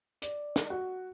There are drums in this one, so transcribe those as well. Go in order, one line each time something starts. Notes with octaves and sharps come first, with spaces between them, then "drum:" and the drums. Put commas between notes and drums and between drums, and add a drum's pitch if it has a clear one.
D5, drum: hi-hat
drum: snare
F#4